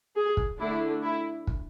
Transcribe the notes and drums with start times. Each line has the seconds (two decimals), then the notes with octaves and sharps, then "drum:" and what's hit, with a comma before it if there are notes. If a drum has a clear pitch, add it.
0.15 G#4
0.37 drum: kick
0.59 D3 A3 D4 E4
1.03 E4
1.47 drum: kick